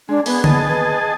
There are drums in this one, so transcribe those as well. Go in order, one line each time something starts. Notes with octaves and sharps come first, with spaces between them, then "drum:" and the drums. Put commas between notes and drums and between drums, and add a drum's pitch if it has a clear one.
G#3 D4
B3 G#4, drum: open hi-hat
G#4 D#5 A5, drum: tom D3
B4